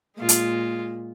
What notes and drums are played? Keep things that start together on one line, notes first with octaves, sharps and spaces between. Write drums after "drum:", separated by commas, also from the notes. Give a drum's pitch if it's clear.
A#2 G#3 F4
drum: hi-hat